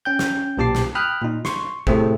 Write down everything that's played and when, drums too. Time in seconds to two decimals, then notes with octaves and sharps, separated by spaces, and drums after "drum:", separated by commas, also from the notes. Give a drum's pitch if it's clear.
0.05 C#4 G5 G6
0.19 drum: snare
0.57 B1 A#2 G4 A5 D6 C7
0.75 drum: snare
0.95 G5 B5 D#6 F6 F#6
1.22 A#2 D#4
1.45 C6 C#6, drum: snare
1.87 A2 C3 A3 C4 G#4, drum: kick